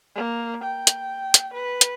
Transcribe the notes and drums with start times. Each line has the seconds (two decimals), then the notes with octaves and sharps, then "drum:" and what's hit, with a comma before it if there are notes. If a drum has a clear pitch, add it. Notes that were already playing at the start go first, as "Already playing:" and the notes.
0.15 A#3
0.64 G5
0.87 drum: hi-hat
1.34 drum: hi-hat
1.54 B4
1.81 drum: hi-hat